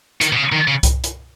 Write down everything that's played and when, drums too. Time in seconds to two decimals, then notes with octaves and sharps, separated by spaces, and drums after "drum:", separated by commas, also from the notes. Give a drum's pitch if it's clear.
0.21 D#3, drum: hi-hat
0.33 B2
0.36 C#3
0.52 D#3
0.68 C#3
0.83 drum: kick C2, hi-hat
1.04 drum: hi-hat